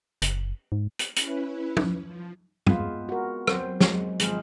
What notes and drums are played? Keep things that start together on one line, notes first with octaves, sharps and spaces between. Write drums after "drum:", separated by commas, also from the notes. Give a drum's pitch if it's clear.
F#1, drum: hi-hat
G#2
drum: hi-hat
C#4 E4 B4, drum: hi-hat
drum: tom
F3
G#3 B3 C4 F4, drum: tom G2
F#4 A#4
F#3 C4 C5, drum: rim click
G#3, drum: snare
G#1 F3 G#3 C4 G#4 F6, drum: hi-hat